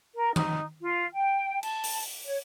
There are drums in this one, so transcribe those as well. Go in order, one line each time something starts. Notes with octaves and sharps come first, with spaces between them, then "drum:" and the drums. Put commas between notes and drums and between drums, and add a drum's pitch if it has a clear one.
A#4
D#4, drum: tom D#3
F4
G5
A5, drum: cymbal
drum: open hi-hat
C#5